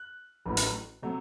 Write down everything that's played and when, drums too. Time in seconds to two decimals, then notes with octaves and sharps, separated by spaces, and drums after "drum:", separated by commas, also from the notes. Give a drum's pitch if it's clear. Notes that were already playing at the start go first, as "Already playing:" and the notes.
Already playing: F#6
0.46 A1 A2 F#3
0.57 drum: hi-hat
1.02 C3 F#3 A3